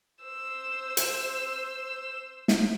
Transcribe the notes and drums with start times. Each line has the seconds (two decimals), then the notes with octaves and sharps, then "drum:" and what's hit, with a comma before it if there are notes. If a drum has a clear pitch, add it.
0.25 C5 E6
0.97 drum: hi-hat
2.48 drum: snare